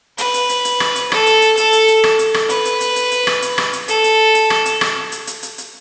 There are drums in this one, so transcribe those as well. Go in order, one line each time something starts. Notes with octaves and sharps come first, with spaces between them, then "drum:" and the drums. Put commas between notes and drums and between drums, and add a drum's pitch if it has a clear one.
B4, drum: hi-hat
drum: hi-hat
drum: hi-hat
drum: hi-hat
drum: rim click
drum: hi-hat
A4, drum: rim click
drum: hi-hat
drum: hi-hat
A4, drum: hi-hat
drum: hi-hat
drum: hi-hat
drum: rim click
drum: hi-hat
drum: rim click
B4, drum: hi-hat
drum: hi-hat
drum: hi-hat
drum: hi-hat
drum: hi-hat
drum: rim click
drum: hi-hat
drum: rim click
drum: hi-hat
A4, drum: hi-hat
drum: hi-hat
drum: hi-hat
drum: rim click
drum: hi-hat
drum: rim click
drum: hi-hat
drum: hi-hat
drum: hi-hat
drum: hi-hat